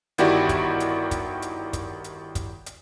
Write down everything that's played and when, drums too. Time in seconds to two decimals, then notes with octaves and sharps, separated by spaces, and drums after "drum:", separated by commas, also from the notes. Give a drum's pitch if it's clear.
0.18 G1 D#3 E4 F#4 G4 D5, drum: hi-hat
0.49 drum: kick, hi-hat
0.80 drum: hi-hat
1.11 drum: kick, hi-hat
1.42 drum: hi-hat
1.73 drum: kick, hi-hat
2.04 drum: hi-hat
2.35 drum: kick, hi-hat
2.66 drum: hi-hat